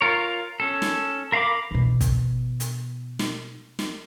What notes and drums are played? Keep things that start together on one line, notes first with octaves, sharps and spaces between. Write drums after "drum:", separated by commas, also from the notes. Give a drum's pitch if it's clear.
F4 A#4 C#5
C#4 A4
drum: snare
A#4 F5 A#5 B5 D6
B2 E3
drum: kick, hi-hat
drum: hi-hat
drum: snare
drum: snare